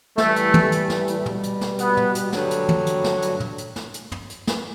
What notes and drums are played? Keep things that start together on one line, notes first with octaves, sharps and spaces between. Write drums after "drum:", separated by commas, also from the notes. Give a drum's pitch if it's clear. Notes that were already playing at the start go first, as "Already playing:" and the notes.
A2 E3 G3 A3, drum: snare
drum: hi-hat
drum: tom
drum: hi-hat
drum: snare
drum: hi-hat
B2 G3, drum: tom
drum: hi-hat
drum: snare
B3, drum: hi-hat
drum: tom
drum: hi-hat
G2 D3 F#3, drum: snare
drum: hi-hat
drum: tom
drum: hi-hat
drum: snare
drum: hi-hat
drum: tom
drum: hi-hat
drum: snare
drum: hi-hat
drum: tom
drum: hi-hat
drum: snare